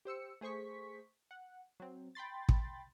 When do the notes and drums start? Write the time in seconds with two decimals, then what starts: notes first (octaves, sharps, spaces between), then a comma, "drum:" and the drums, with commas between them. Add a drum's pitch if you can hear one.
0.05 G4 C5 E6 C#7
0.41 A3 G#4 C5 C#6 B6
1.31 F#5
1.80 F#3 C4
2.15 G5 B5 C6 A6
2.49 drum: kick